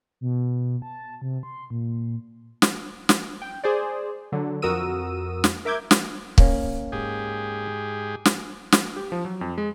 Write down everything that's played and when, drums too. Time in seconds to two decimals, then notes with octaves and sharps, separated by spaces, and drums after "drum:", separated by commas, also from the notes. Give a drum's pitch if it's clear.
0.21 B2
0.82 A5
1.22 C3
1.43 C6
1.70 A#2
2.62 drum: snare
3.09 drum: snare
3.42 G5
3.64 G#4 C5 D5
4.32 D3 F#3
4.62 F2 F#4 A#4 D#6 E6 D#7
5.44 drum: snare
5.65 A#4 E5 D6 G6 G#6
5.91 drum: snare
6.38 A#3 C#4, drum: kick
6.92 G#2 G4 G#4
8.25 drum: snare
8.72 drum: snare
8.96 G4
9.12 F3
9.25 F#3
9.41 F2
9.58 G#3